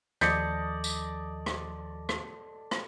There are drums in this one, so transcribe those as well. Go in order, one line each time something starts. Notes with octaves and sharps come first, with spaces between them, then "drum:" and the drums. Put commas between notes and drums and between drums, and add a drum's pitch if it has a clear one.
D#2 D#3 F3 A4 D5 D#5 G6 C#7, drum: rim click
drum: tambourine
drum: rim click
drum: rim click
drum: rim click